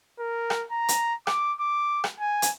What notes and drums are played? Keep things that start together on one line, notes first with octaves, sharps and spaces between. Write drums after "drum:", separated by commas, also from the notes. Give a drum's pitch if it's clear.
A#4
drum: rim click
A#5
drum: hi-hat
D6, drum: rim click
D6
drum: rim click
G#5
drum: hi-hat